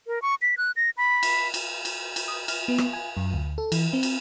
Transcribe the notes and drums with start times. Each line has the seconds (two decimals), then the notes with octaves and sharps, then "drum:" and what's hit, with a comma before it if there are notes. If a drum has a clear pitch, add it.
0.07 A#4
0.22 C#6
0.42 B6
0.58 F#6
0.76 A#6
0.97 B5
1.23 drum: cymbal
1.54 drum: cymbal
1.85 drum: cymbal
2.16 drum: cymbal
2.28 D#6
2.48 F6, drum: cymbal
2.68 B3
2.78 drum: rim click
2.93 G#5
3.17 F#2
3.33 D2
3.58 A4
3.72 E3, drum: cymbal
3.93 C4
4.03 drum: cymbal